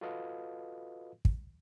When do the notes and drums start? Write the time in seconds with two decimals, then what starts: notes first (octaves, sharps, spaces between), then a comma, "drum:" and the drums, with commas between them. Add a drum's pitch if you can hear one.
0.01 F4 F#4 A4 B4 D#5 F5
1.25 drum: kick